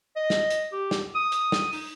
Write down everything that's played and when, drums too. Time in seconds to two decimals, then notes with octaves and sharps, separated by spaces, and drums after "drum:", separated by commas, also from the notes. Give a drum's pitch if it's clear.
0.16 D#5
0.30 drum: snare
0.51 drum: hi-hat
0.72 G4
0.91 drum: snare
1.15 D#6
1.32 drum: hi-hat
1.52 drum: snare
1.73 D#4, drum: open hi-hat